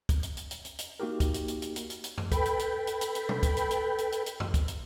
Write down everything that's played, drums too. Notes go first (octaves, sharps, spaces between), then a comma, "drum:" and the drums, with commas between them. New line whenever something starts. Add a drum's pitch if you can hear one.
drum: kick, hi-hat
drum: hi-hat
drum: hi-hat
drum: hi-hat
drum: hi-hat
drum: hi-hat
A#3 D#4 F#4 G4 A#4
drum: kick, hi-hat
drum: hi-hat
drum: hi-hat
drum: hi-hat
drum: hi-hat
drum: hi-hat
drum: hi-hat
drum: tom F#2
A4 B4 G5 B5, drum: kick, hi-hat
drum: hi-hat
drum: hi-hat
drum: hi-hat
drum: hi-hat
drum: hi-hat
drum: tom
drum: kick, hi-hat
drum: hi-hat
drum: hi-hat
drum: hi-hat
drum: hi-hat
drum: hi-hat
drum: tom F#2
drum: kick, hi-hat
drum: hi-hat